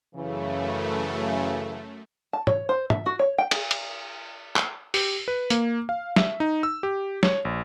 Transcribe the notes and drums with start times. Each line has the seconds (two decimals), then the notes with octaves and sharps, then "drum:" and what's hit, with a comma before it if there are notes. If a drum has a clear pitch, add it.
0.14 F#2 C#3 E3 A3
2.33 A5
2.47 C#5, drum: tom
2.69 C5
2.90 E5, drum: tom
3.06 F#4
3.19 C#5
3.38 G5
3.51 G#4, drum: cymbal
3.71 drum: cymbal
4.56 drum: clap
4.94 G4, drum: open hi-hat
5.28 B4
5.50 A#3, drum: hi-hat
5.89 F5
6.16 E5, drum: snare
6.40 D#4
6.63 E6
6.83 G4
7.23 C#5, drum: snare
7.45 A#1